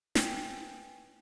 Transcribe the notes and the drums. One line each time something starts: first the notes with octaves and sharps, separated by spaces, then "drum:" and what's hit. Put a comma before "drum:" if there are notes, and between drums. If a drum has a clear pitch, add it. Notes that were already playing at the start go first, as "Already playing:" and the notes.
B4 G5 G#5, drum: snare